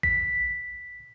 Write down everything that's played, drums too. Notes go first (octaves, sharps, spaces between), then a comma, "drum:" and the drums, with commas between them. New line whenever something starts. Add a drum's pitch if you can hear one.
B6, drum: kick